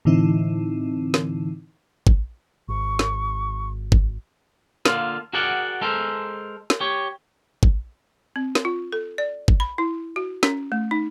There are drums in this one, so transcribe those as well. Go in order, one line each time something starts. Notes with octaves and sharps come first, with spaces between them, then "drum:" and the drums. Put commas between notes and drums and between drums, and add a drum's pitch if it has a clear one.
A2 D3 E3 C4 D#4 E4
drum: snare
drum: kick
G#1 C#6
drum: snare
drum: kick
D3 A#3 F4, drum: snare
F#4 G#4 A#4 D5 F#5 G5
G#3 A4 A#4 C5
drum: snare
G4 C#5
drum: kick
C4
drum: snare
F4
A4
D5
drum: kick
B5
E4
F#4
C#4, drum: snare
A3
D#4